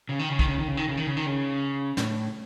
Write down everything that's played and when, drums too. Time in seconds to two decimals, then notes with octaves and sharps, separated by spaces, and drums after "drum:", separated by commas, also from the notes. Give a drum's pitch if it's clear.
0.09 C#3
0.19 D#3
0.29 C#3
0.39 D#3, drum: kick B1
0.48 C#3
0.59 D#3
0.68 C#3
0.77 D#3
0.88 C#3
0.97 D#3
1.07 C#3
1.17 D#3
1.26 C#3
1.97 A2, drum: snare